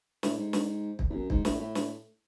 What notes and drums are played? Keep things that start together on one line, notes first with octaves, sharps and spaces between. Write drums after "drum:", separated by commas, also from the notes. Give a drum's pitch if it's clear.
A2, drum: snare
G#2
drum: snare
drum: kick
E2
F#2
G#2, drum: kick
A2, drum: snare
A2
drum: snare